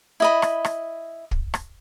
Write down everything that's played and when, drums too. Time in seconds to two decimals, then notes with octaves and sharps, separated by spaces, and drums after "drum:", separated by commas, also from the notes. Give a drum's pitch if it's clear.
0.20 E4 D#5 B5
0.42 drum: rim click
0.65 drum: rim click
1.31 drum: kick
1.54 drum: rim click